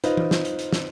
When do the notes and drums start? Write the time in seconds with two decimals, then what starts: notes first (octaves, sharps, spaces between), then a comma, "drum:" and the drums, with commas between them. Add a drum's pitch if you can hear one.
0.04 D#4 F4 B4 C5 D#5, drum: hi-hat
0.17 drum: tom E3
0.31 drum: snare
0.45 drum: hi-hat
0.59 drum: hi-hat
0.73 drum: snare